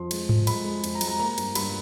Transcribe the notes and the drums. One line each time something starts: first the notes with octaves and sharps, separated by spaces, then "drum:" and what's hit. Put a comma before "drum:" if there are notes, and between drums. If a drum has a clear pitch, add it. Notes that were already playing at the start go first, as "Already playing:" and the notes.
Already playing: F2 F3 C6
G#3, drum: cymbal
F2, drum: tom G#2
G#3 B5, drum: cymbal
G#3
F2, drum: cymbal
A#5
G#3, drum: cymbal
A#5
A#3 A#5
G2, drum: cymbal
G2 B5, drum: cymbal